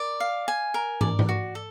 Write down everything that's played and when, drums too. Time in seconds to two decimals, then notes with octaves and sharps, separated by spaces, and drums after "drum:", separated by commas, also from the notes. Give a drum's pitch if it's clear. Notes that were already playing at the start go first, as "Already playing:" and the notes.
Already playing: A#4 D5
0.20 F5
0.48 G#5
0.74 A#4
1.01 D5, drum: tom
1.19 drum: tom G#2
1.29 F#4
1.55 A4